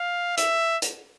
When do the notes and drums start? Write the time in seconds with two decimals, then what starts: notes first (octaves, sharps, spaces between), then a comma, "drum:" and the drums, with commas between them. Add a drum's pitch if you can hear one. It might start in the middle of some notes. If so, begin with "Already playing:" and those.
Already playing: F5
0.37 E5, drum: hi-hat
0.82 drum: hi-hat